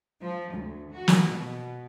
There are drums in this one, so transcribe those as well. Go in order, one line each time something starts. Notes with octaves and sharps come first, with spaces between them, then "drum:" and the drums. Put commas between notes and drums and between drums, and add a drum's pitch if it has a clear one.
F3
D2
F#4
drum: snare
B2